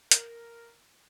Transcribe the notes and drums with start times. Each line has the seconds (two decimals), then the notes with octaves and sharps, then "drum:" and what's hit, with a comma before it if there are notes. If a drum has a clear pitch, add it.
0.11 A#4, drum: hi-hat